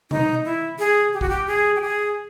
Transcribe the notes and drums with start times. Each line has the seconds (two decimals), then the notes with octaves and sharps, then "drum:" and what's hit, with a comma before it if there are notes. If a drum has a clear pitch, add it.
0.11 D#4, drum: tom B2
0.45 E4
0.79 G#4
1.13 G4
1.21 F#4, drum: kick
1.29 G4
1.47 G#4
1.76 G4
1.81 G#4